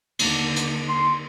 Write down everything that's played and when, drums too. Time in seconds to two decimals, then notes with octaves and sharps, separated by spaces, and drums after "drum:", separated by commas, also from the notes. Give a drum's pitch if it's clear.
0.19 D#2 D3, drum: cymbal
0.56 drum: hi-hat
0.88 C6